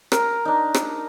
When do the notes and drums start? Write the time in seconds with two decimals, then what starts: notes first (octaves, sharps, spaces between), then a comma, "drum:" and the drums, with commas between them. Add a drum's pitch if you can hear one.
0.12 A#4, drum: rim click
0.45 D4 D#4
0.74 drum: rim click